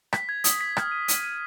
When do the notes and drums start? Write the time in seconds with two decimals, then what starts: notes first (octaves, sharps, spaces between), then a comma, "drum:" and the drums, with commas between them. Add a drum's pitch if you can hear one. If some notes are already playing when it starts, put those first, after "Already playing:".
0.13 B6, drum: rim click
0.29 G#6
0.44 D#6, drum: hi-hat
0.61 B6
0.77 F6, drum: rim click
0.91 D#7
1.08 D#7, drum: hi-hat
1.23 D#7